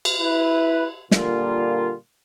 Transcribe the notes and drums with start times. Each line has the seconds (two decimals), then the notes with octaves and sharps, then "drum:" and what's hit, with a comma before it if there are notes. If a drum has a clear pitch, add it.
0.05 drum: cymbal
0.19 E4 B4
1.11 A#2 D3 G3 A#3 F4, drum: snare